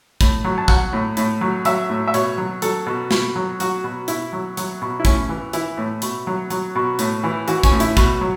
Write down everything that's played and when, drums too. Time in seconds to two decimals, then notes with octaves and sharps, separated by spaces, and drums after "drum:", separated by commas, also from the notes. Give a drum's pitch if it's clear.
0.21 A2, drum: kick, hi-hat
0.44 F#3
0.58 A5
0.68 F#3 F#5, drum: kick
0.93 A2
1.17 A2, drum: hi-hat
1.41 F#3
1.65 F#3 E5, drum: hi-hat
1.90 A2
2.08 E5
2.14 B2 C#5, drum: hi-hat
2.38 F#3
2.62 F#3 A4, drum: hi-hat
2.86 B2
3.11 B2, drum: snare
3.36 F#3
3.60 F#3 F#4, drum: hi-hat
3.84 B2
4.08 B2 E4, drum: hi-hat
4.33 F#3
4.57 F#3, drum: hi-hat
4.82 B2
5.00 E4
5.05 A2 C#4, drum: kick, hi-hat
5.29 E3
5.53 E3 E4, drum: hi-hat
5.77 A2
6.02 B2, drum: hi-hat
6.27 F#3
6.50 F#3, drum: hi-hat
6.75 B2
6.99 A2, drum: hi-hat
7.24 E3
7.48 E3 F#4, drum: hi-hat
7.63 C#4, drum: kick, hi-hat
7.72 A2
7.80 E4, drum: hi-hat
7.97 B2, drum: kick, hi-hat
8.21 F#3